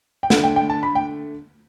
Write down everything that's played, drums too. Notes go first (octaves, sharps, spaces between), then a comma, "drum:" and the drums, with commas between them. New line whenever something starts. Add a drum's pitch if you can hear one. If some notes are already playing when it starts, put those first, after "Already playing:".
G5
D3 A3 D4 F#5, drum: snare
G5
G5
A5
B5
G5